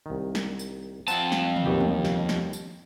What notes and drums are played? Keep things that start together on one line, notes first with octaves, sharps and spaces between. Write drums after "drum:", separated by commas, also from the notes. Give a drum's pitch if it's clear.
C2 D#3
drum: snare
drum: tambourine
F2 C4 F#5 A5, drum: tambourine
drum: snare
drum: tom
D#2 B2 G4
drum: tom
drum: snare
drum: snare
drum: tambourine